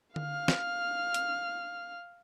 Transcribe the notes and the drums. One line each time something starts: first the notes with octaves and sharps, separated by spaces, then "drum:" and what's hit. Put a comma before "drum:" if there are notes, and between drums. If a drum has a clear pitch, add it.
F5 F6, drum: tom D3
drum: snare
drum: hi-hat